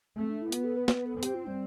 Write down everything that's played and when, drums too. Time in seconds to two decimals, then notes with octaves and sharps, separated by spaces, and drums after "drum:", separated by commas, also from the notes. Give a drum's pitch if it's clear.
0.18 A3 C4
0.29 D4
0.41 E4
0.52 B3 F4, drum: hi-hat
0.64 A4
0.76 B4
0.88 B4, drum: snare
1.05 A4
1.23 C4 G4, drum: hi-hat
1.34 F4
1.46 G3